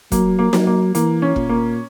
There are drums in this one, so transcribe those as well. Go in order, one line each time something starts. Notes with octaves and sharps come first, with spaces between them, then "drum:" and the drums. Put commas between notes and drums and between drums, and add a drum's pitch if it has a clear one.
F#3 A#3, drum: kick, hi-hat
A#3
F#3, drum: snare
A#3
E3 A#3, drum: hi-hat
C#4
A#2, drum: kick
A#3